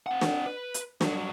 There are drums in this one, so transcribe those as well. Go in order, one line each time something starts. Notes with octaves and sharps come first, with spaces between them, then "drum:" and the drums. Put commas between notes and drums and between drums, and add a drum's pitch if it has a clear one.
C4 F#5
drum: snare
B4
drum: hi-hat
G2 F#3, drum: snare